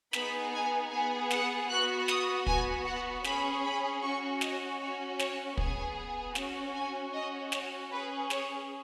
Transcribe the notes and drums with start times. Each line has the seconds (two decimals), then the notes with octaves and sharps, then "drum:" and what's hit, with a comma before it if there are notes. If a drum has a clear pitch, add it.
0.13 B3 D#4 G#4 B5, drum: snare
0.53 G#5
0.91 B3 G#4 G#5
1.31 F#5, drum: snare
1.69 B3 F#4 F#6
2.08 D#6, drum: snare
2.47 B3 F#4 G#5, drum: kick
2.85 F#5
3.25 C#4 G#4 B5, drum: snare
3.64 B5
4.02 C#4 F#4 C#6
4.41 D#5, drum: snare
4.80 C#4 F#4 C#5
5.20 C#5, drum: snare
5.57 B3 G#4 G#5, drum: kick
6.35 C#4 F#4, drum: snare
6.74 G#5
7.13 C#4 F#4 D#5
7.52 C#5, drum: snare
7.91 C#4 G#4 B4
8.30 C#5, drum: snare